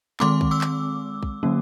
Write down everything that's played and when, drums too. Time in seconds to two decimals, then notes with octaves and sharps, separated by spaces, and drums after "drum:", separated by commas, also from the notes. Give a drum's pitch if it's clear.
0.20 D#3 G#3 C4 C6 D6, drum: clap
0.41 drum: kick
0.51 D6 E6
0.61 drum: clap
1.23 drum: kick
1.43 D3 F#3 A#3 C#4